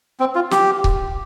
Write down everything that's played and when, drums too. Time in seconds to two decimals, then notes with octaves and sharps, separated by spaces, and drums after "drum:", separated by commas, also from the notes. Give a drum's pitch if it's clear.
0.20 C4
0.35 F4
0.51 G4, drum: snare
0.84 drum: kick C#1